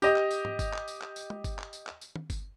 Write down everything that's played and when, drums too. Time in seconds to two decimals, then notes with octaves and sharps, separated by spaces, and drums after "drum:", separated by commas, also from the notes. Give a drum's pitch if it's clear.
0.02 G4 D#5, drum: tambourine
0.16 drum: clap
0.31 drum: tambourine
0.45 drum: tom G#2
0.59 drum: kick G1, tambourine
0.73 drum: clap
0.88 drum: tambourine
1.02 drum: clap
1.16 drum: tambourine
1.30 drum: tom
1.44 drum: kick G1, tambourine
1.59 drum: clap
1.73 drum: tambourine
1.87 drum: clap
2.01 drum: tambourine
2.16 drum: tom
2.30 drum: kick G1, tambourine